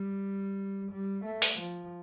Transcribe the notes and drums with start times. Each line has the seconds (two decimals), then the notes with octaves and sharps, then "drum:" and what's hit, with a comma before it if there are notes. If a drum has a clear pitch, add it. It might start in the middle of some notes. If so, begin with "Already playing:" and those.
Already playing: G3
0.91 G3
1.25 A3
1.42 drum: open hi-hat
1.59 F3